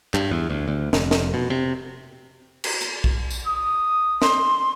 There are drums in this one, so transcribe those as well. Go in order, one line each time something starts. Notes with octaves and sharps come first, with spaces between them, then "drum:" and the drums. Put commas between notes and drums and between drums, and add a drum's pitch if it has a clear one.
G2, drum: clap
E2
D2
D2
F1, drum: snare
drum: snare
B2
C3
drum: cymbal
drum: hi-hat
drum: kick
drum: tambourine
D#6
C6, drum: snare